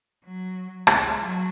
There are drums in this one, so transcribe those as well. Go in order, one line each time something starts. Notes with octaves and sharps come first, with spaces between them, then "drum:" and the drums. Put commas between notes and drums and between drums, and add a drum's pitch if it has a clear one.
F#3
G#3, drum: rim click
F#3